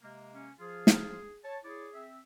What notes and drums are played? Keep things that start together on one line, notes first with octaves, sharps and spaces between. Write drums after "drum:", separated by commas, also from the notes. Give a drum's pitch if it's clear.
C3 G#3 A#3
C#4
F3 F4 G#4
drum: snare
C#5 A5
E4 G#4 C#5 D5
C4 E5